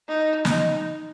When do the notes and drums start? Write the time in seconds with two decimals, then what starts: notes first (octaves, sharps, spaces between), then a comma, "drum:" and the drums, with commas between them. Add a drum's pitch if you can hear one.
0.08 D#4
0.45 D#4, drum: snare